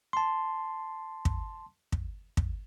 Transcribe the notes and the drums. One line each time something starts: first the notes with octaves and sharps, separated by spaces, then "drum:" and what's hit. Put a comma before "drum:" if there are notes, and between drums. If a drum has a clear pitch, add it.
A5 C6
drum: kick
drum: kick
drum: kick